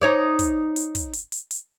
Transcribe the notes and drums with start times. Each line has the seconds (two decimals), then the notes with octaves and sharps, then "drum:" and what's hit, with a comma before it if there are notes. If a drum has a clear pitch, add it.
0.02 D#4 C#5 D5
0.39 drum: kick, hi-hat
0.76 drum: hi-hat
0.95 drum: kick, hi-hat
1.13 drum: hi-hat
1.32 drum: hi-hat
1.51 drum: hi-hat